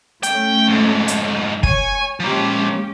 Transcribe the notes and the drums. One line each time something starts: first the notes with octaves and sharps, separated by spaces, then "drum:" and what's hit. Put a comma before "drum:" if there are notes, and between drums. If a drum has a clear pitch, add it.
A3 C#4 G5, drum: hi-hat
F2 G#2
drum: hi-hat
C#5 G#5, drum: kick
F3 G#3 A#3 C#4 G4